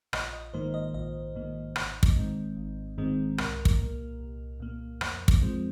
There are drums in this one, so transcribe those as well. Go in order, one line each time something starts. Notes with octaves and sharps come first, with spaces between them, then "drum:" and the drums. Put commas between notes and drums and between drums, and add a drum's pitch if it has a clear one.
A#1 D#5, drum: rim click
D#5
G#2 D#3 A#3 C5
D#5
A#1 D#5
G#2 D#3 A#3
G#1, drum: rim click
drum: kick
G#2 D#3 G#3 C4
G#1
G#2 D#3 G#3 C4
C2 A#4, drum: rim click
drum: kick
A#2 A#3
C2
A#2 A#3
F2, drum: rim click
drum: kick
F3 G#3 C4